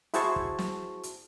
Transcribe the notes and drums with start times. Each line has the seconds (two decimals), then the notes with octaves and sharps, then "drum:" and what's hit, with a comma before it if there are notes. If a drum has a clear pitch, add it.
0.14 E4 F#4 G#4 C5 A5 C#6, drum: hi-hat
0.36 drum: kick
0.59 drum: snare
1.03 drum: hi-hat